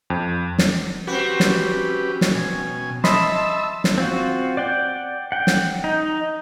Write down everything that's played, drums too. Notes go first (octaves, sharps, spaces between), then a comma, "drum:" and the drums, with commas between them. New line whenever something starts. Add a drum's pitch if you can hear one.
F2
drum: snare
C4 C#4 F#4 G4 B4
drum: snare
drum: snare
B2 G#5
D#5 E5 A5 B5 C6 E6, drum: snare
drum: snare
C4 F4 F#4
D5 F#5 G5
F#5 G5
drum: snare
D#4